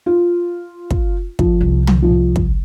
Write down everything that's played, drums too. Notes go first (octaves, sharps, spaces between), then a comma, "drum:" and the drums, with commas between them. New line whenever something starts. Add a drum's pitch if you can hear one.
F4
drum: kick
F3, drum: kick
C2
drum: tom
F3
drum: kick